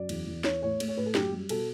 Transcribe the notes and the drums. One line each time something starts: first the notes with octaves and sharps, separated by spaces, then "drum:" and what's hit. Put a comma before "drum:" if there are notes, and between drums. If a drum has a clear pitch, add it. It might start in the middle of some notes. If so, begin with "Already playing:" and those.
Already playing: F#2 D5
E2, drum: cymbal
E2
E3 C#5, drum: snare
A2 C#5
A3, drum: cymbal
C#5
A2 B4
A4
F#2 G4, drum: snare
G3
B2 A4, drum: cymbal